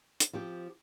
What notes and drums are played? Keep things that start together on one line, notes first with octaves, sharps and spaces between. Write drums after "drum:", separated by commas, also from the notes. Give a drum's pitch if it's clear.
drum: hi-hat
F3 C4 G4